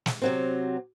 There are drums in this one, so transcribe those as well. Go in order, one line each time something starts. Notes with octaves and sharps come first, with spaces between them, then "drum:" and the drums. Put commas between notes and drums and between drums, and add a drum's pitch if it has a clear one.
drum: snare
C3 F#3 C4